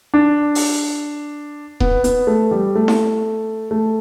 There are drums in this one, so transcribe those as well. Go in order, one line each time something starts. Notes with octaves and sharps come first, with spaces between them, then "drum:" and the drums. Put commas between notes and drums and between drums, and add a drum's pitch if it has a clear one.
D4
drum: open hi-hat
B3, drum: kick D#1
B3, drum: hi-hat
A3
G3
A3
drum: snare E4
A3